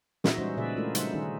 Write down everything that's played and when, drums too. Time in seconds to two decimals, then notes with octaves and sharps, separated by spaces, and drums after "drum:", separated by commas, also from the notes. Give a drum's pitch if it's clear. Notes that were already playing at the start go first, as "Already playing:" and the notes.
0.24 A#2 E3 D#4 F#4 D#5 E5, drum: snare
0.38 G3 G#3 C#4 D#4 F#4 C5
0.57 A#2 C#3 G#4 B4 D5 E5
0.77 G#3 A3 D4 E4 F4 A#4
0.95 C#3 G3 D#4 C5 E5 F#5, drum: hi-hat
1.13 D#3 C#4 D#4 G#4